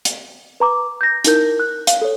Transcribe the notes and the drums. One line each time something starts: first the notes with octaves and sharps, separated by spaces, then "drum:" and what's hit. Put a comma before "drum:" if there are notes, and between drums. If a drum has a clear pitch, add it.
drum: hi-hat
B4 A#5 D6
G6 A#6
D#4 E4 A#4 G6, drum: hi-hat
F#6
F5, drum: hi-hat
A4 C#5